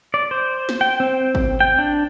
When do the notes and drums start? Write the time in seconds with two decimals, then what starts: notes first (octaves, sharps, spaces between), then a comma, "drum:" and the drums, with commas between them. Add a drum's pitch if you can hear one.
0.14 D5
0.31 C5
0.69 drum: snare
0.81 G5
1.00 C4
1.35 drum: kick G#1
1.60 G5
1.79 D4